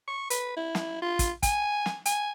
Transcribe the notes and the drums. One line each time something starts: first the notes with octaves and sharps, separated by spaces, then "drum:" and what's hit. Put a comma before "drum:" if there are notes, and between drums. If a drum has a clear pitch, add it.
C#6
B4, drum: hi-hat
E4
drum: snare
F4
drum: kick, hi-hat
G#5, drum: kick, hi-hat
drum: snare
G#5, drum: hi-hat